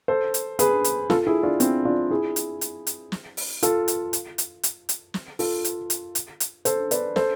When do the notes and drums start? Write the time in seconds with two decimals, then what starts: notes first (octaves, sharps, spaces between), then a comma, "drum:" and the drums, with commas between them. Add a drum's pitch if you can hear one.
0.08 A4 C5
0.34 drum: hi-hat
0.59 G#4 B4, drum: hi-hat
0.84 drum: hi-hat
1.10 F4 A4, drum: snare
1.26 E4 G#4
1.43 D4 F4
1.60 C4 E4, drum: hi-hat
1.85 D4 F4
2.11 E4 G#4
2.36 drum: hi-hat
2.61 drum: hi-hat
2.87 drum: hi-hat
3.12 drum: snare
3.37 drum: open hi-hat
3.63 F4 A4, drum: hi-hat
3.88 drum: hi-hat
4.13 drum: hi-hat
4.38 drum: hi-hat
4.63 drum: hi-hat
4.89 drum: hi-hat
5.14 drum: snare
5.39 F4 A4, drum: open hi-hat
5.64 drum: hi-hat
5.90 drum: hi-hat
6.15 drum: hi-hat
6.40 drum: hi-hat
6.65 A4 C5, drum: hi-hat
6.91 B4 D5, drum: hi-hat
7.16 A4 C5, drum: snare